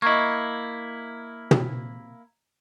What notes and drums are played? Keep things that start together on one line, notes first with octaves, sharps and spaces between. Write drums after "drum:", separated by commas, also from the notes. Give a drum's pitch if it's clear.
A#3 E4 D#5 A#5 C#6 G#6
drum: tom